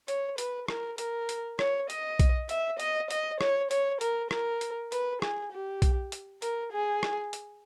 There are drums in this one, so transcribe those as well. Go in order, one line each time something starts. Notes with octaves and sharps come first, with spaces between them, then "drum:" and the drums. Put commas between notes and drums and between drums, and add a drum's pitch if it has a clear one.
C#5, drum: hi-hat
B4, drum: hi-hat
A#4, drum: rim click
A#4, drum: hi-hat
drum: hi-hat
C#5, drum: rim click
D#5, drum: hi-hat
drum: kick B1, hi-hat
E5, drum: hi-hat
D#5, drum: hi-hat
D#5, drum: hi-hat
C#5, drum: rim click
C#5, drum: hi-hat
A#4, drum: hi-hat
A#4, drum: rim click
drum: hi-hat
B4, drum: hi-hat
G#4, drum: rim click
G4
drum: kick B1, hi-hat
drum: hi-hat
A#4, drum: hi-hat
G#4
drum: rim click
drum: hi-hat